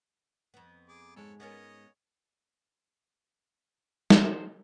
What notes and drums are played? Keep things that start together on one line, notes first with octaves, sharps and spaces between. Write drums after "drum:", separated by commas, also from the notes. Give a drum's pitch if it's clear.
F2 B3
G#4 D6
G#2 G#3 A4 C#5
B3 C#4 A#4 C#5 D#5
C5, drum: snare